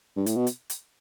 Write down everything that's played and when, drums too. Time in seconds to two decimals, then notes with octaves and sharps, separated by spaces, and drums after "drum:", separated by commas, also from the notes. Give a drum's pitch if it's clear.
0.16 G2
0.26 A2, drum: hi-hat
0.37 B2
0.47 drum: hi-hat
0.70 drum: hi-hat